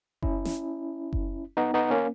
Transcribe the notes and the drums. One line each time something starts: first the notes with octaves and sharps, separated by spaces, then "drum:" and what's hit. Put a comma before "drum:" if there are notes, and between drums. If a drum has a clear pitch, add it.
C#4 E4, drum: kick F#1
drum: snare
drum: kick F#1
B3 D#4
B3 D#4
A#3 C#4